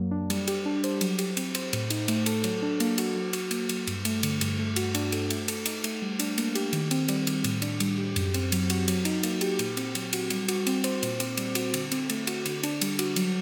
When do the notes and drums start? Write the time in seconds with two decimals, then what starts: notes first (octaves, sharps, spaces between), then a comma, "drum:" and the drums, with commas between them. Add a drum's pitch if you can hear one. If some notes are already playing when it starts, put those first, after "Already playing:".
Already playing: F#2 F#3 A#3
0.11 D4
0.30 G3, drum: cymbal
0.47 G4, drum: cymbal
0.66 D4
0.84 C5, drum: cymbal
1.01 F#3, drum: cymbal
1.19 G4, drum: cymbal
1.37 C4, drum: cymbal
1.55 C5, drum: cymbal
1.73 A2, drum: cymbal
1.90 D#4, drum: cymbal
2.08 A3, drum: cymbal
2.26 A4, drum: cymbal
2.44 F#3, drum: cymbal
2.62 D4
2.80 A#3, drum: cymbal
2.98 F#4, drum: cymbal
3.16 F#3
3.33 F#4, drum: cymbal
3.51 A#3, drum: cymbal
3.69 F#3, drum: cymbal
3.87 G2, drum: cymbal
4.05 A3, drum: cymbal
4.23 D3, drum: cymbal
4.41 G2, drum: cymbal
4.59 A3
4.76 F#4, drum: cymbal
4.95 D4, drum: cymbal
5.12 A4, drum: cymbal
5.30 A3, drum: cymbal
5.48 A4, drum: cymbal
5.66 D#4, drum: cymbal
5.84 A3, drum: cymbal
6.02 G3
6.19 D4, drum: cymbal
6.38 A#3, drum: cymbal
6.55 G4, drum: cymbal
6.73 D#3, drum: cymbal
6.91 C4, drum: cymbal
7.08 G3, drum: cymbal
7.27 D#3, drum: cymbal
7.44 A2, drum: cymbal
7.62 D4, drum: cymbal
7.80 G3, drum: cymbal
7.98 G4
8.16 F#2, drum: cymbal
8.34 C4, drum: cymbal
8.52 F#3, drum: cymbal
8.70 F#4, drum: cymbal
8.88 F#3, drum: cymbal
9.05 D#4, drum: cymbal
9.23 A#3, drum: cymbal
9.41 G4, drum: cymbal
9.59 A#2, drum: cymbal
9.77 C4, drum: cymbal
9.95 F#3, drum: cymbal
10.13 F#4, drum: cymbal
10.30 G3, drum: cymbal
10.48 F#4, drum: cymbal
10.67 C4, drum: cymbal
10.84 C5, drum: cymbal
11.03 A#2, drum: cymbal
11.20 C4, drum: cymbal
11.37 G3, drum: cymbal
11.55 F#4, drum: cymbal
11.74 D3, drum: cymbal
11.92 C4, drum: cymbal
12.10 A3, drum: cymbal
12.27 F#4, drum: cymbal
12.45 D3, drum: cymbal
12.63 D4, drum: cymbal
12.81 G3, drum: cymbal
12.99 F#4, drum: cymbal
13.16 F#3, drum: cymbal